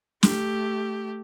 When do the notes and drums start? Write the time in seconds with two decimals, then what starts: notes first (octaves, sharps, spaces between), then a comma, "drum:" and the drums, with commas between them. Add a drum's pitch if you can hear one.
0.23 A3 G4, drum: snare